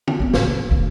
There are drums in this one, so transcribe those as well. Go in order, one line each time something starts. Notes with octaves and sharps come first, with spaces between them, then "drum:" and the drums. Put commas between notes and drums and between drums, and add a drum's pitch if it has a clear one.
drum: tom D3
B3 C4
C#2 A2, drum: snare
D3
D2